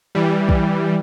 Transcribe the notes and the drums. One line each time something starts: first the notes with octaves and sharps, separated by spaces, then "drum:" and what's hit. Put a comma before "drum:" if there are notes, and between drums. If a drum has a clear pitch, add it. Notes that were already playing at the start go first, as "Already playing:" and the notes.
E3 G3
drum: kick